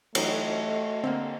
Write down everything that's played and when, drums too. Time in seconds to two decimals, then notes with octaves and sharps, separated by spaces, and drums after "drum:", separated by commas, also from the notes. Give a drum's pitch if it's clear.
0.15 E3 F#3 A3 D#4 F#4 D#5, drum: cymbal
1.04 D3 A#3 C4